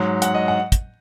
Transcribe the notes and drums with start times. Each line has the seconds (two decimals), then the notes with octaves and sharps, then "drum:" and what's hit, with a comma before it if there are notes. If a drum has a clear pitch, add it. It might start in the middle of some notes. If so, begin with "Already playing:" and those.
Already playing: G#2 F#3
0.22 F#5, drum: hi-hat
0.34 D#5
0.48 F#5
0.72 drum: kick, hi-hat